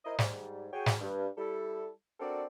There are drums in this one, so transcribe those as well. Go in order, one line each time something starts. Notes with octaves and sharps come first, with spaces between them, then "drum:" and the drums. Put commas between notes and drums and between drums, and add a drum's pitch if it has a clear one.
E4 A#4 C5 D#5
G#2 G3, drum: snare
F#4 G#4 C#5 G5
drum: snare
G2
G3 E4 A4
C4 D4 F#4 A4 A#4 D5